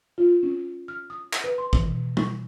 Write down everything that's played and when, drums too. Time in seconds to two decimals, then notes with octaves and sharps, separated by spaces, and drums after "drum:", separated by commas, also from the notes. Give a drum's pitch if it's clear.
0.18 F4
0.43 C#4
0.88 F6
1.10 D#6
1.33 drum: clap
1.44 B4
1.58 C6
1.73 E3, drum: kick
1.86 B2
2.17 C#6, drum: tom